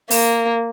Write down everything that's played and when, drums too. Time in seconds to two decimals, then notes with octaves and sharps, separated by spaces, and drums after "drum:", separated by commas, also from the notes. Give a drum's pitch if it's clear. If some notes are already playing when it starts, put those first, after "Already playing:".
0.11 A#3, drum: open hi-hat